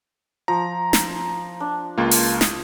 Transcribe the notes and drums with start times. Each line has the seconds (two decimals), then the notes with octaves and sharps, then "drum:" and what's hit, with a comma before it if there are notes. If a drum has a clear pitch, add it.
0.48 F3 A#5
0.93 drum: snare
1.60 D4
1.98 C#2 A#3 F4
2.11 drum: open hi-hat
2.41 D#6, drum: snare